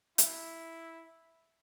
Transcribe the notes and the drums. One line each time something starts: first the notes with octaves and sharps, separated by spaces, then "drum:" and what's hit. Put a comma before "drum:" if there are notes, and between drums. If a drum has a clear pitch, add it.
E4, drum: hi-hat